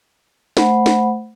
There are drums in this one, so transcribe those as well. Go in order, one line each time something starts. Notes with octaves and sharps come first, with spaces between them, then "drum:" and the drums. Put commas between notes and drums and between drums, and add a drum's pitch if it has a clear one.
A3 C5 F#5 B5, drum: snare
drum: snare